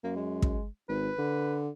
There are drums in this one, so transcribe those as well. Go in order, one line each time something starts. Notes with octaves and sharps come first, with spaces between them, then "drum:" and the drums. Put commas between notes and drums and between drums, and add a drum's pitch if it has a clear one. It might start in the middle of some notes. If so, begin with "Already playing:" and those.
F#2 A#3
G#3
drum: kick
G#1 B4
D3